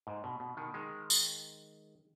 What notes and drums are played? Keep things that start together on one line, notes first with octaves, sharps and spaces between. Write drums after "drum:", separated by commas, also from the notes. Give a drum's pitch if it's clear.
G#2
B2
B2
B2 D#3
D#3 G#3
drum: tambourine